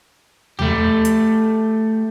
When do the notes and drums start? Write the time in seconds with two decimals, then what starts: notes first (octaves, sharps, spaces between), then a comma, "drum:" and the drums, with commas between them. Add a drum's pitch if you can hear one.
0.59 A3 G4, drum: tom D#2
1.05 drum: hi-hat